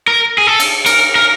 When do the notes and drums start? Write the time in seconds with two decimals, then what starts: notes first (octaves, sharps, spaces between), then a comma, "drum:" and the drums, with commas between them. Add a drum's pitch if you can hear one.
0.07 A#4
0.38 G#4
0.47 A4
0.60 drum: cymbal
0.86 A#4, drum: cymbal
1.15 A#4